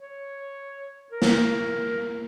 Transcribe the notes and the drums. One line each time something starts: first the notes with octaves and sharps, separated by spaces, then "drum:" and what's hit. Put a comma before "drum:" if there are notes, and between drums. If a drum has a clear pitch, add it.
C#5
A#4
drum: snare